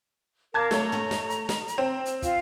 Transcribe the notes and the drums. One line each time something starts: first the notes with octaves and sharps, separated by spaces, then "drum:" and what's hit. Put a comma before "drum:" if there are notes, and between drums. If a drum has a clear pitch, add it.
A#4 F5 A5 D6 G#6
A3 C#5 A5 A#5, drum: snare
drum: tom
drum: snare
drum: hi-hat
drum: snare
drum: hi-hat
C4
drum: hi-hat
F4 F5, drum: kick, hi-hat